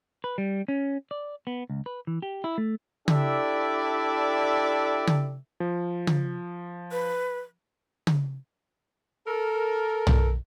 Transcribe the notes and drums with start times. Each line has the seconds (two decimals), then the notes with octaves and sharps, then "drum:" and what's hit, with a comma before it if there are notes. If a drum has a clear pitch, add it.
0.24 B4
0.38 G3
0.68 C#4
1.11 D5
1.47 B3
1.70 C#2
1.86 B4
2.07 E3
2.22 G4
2.44 E4
2.58 A3
3.08 D4 E4 G4 A4 D5 E5, drum: tom C#3
5.07 drum: tom C#3
5.60 F3
6.07 drum: tom C#3
6.92 B4
8.07 drum: tom C#3
9.27 A4 A#4
10.07 drum: tom